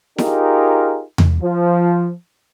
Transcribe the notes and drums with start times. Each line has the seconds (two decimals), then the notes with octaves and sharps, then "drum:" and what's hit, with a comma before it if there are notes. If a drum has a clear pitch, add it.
0.18 D#4 F4 G4 G#4 A#4, drum: snare E4
1.18 drum: tom E2
1.42 F3